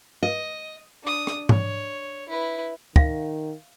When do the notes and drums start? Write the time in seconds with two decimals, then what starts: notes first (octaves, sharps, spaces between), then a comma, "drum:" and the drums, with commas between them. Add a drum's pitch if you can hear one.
0.23 D#5
1.03 D4 D#6
1.27 drum: rim click
1.49 C#5, drum: tom G#2
2.29 E4 B4
2.96 D#3 E5 F5, drum: kick